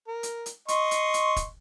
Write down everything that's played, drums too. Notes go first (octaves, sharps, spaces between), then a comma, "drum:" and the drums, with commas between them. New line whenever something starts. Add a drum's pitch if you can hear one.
A#4
drum: hi-hat
drum: hi-hat
D#5 C6 C#6, drum: hi-hat
drum: hi-hat
drum: hi-hat
drum: kick, hi-hat